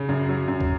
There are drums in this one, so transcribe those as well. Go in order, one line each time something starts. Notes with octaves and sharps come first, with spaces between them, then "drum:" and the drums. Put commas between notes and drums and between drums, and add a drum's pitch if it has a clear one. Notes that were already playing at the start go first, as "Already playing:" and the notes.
Already playing: C#3
F#2
F#3
F#2
drum: kick